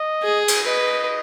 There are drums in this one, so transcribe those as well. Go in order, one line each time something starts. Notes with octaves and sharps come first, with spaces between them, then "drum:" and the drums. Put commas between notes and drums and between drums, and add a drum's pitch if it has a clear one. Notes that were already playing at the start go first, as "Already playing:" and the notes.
Already playing: D#5
G#4
drum: cymbal
B4 D#5